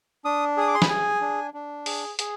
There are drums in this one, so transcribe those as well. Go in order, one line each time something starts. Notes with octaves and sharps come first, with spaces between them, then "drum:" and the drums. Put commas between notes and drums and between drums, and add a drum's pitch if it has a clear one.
D4 D#6
G#4 D#6
D6
C6
B5, drum: snare
G#4 G#5
D4
D4
G#4, drum: open hi-hat
G#4, drum: hi-hat